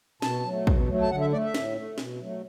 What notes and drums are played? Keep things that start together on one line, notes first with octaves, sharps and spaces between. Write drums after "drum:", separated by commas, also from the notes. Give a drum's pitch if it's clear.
B2 A5, drum: snare
F#3 A3
B2, drum: kick
F#3 A3
A5
D3 F#5
E5
A3 D5
E5
A2, drum: snare
A3
B2, drum: snare
F#3 A3